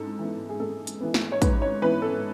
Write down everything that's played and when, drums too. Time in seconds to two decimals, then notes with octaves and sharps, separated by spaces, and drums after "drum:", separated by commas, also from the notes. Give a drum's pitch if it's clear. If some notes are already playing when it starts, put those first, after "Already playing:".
Already playing: G#2 A4
0.19 E3 B3
0.49 G#4
0.60 G#2 A4
0.87 drum: hi-hat
1.01 E3 B3
1.14 drum: snare
1.32 C#5
1.42 G#2 B4, drum: kick, hi-hat
1.62 C#5
1.82 E3 B3 B4
2.02 A4